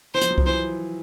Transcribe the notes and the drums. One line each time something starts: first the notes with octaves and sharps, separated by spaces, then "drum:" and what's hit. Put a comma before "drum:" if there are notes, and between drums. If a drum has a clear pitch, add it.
E3 C5
F3, drum: hi-hat
F#3
F3, drum: kick C2
E3 C5